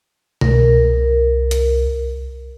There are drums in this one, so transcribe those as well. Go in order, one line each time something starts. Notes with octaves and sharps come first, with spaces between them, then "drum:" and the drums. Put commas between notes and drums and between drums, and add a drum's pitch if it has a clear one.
C2 A#4, drum: tom B2
drum: hi-hat